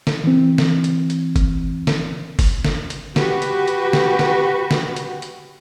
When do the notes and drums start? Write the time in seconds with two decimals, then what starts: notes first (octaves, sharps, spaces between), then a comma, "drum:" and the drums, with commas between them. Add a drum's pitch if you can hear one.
0.07 drum: snare
0.24 E3 C4
0.58 drum: snare
0.84 drum: hi-hat
1.10 drum: hi-hat
1.36 drum: kick F#1, hi-hat
1.87 drum: snare
2.39 drum: kick F#1, open hi-hat
2.65 drum: snare
2.90 drum: hi-hat
3.16 F#4 G4 B4, drum: snare
3.42 drum: hi-hat
3.68 drum: hi-hat
3.93 drum: snare
4.19 drum: snare
4.71 drum: snare
4.96 drum: hi-hat
5.22 drum: hi-hat